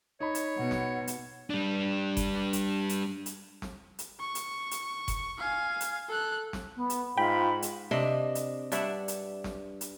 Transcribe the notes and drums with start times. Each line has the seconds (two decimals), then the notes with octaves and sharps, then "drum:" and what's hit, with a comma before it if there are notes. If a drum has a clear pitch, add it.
0.20 D#4 C#5 B5
0.35 drum: hi-hat
0.58 B2 F#5
0.71 drum: snare
1.07 drum: hi-hat
1.50 G3 D4
2.17 drum: kick F#1, hi-hat
2.53 drum: hi-hat
2.89 drum: hi-hat
3.26 drum: hi-hat
3.62 drum: snare
3.99 drum: hi-hat
4.20 C#6
4.35 drum: hi-hat
4.71 drum: hi-hat
5.08 drum: kick F#1, hi-hat
5.38 F5 G#5
5.81 drum: hi-hat
6.09 A4 F#6
6.53 drum: snare
6.76 B3
6.90 drum: hi-hat
7.18 G#2 F4 G5 B5
7.62 drum: hi-hat
7.91 C3 D4 D#5
8.35 drum: hi-hat
8.72 G2 D4 E5 F#5, drum: hi-hat
9.08 drum: hi-hat
9.44 drum: snare
9.81 drum: hi-hat